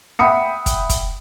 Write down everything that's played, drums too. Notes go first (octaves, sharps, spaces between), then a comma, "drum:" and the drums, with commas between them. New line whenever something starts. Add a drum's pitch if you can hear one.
E5 F#5 G5 B5 D#6 C#7
drum: kick, hi-hat
drum: kick, hi-hat